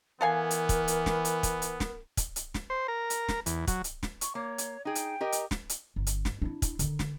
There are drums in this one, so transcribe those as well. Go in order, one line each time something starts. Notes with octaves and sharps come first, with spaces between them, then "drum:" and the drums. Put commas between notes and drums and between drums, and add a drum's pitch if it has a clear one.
E3 B3 A4 A#4 F5 G#5
drum: hi-hat
drum: kick, hi-hat
drum: hi-hat
drum: snare
drum: hi-hat
drum: kick, hi-hat
drum: hi-hat
drum: snare
drum: kick, hi-hat
drum: hi-hat
drum: snare
C5
A#4
drum: hi-hat
drum: snare
E2, drum: hi-hat
F#3, drum: kick, hi-hat
drum: hi-hat
drum: snare
C#6, drum: hi-hat
A#3 C#5
drum: hi-hat
D#4 G#4 G5
drum: hi-hat
G4 A#4 D#5
drum: hi-hat
drum: snare
drum: hi-hat
G1
drum: hi-hat
drum: snare
D4 E4
drum: kick, hi-hat
D3 D#3, drum: hi-hat
drum: snare